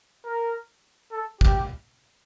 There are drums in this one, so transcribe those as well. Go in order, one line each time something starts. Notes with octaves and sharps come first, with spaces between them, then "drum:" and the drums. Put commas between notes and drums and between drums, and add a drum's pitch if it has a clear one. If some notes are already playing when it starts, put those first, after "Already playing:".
A#4
A4
G4, drum: kick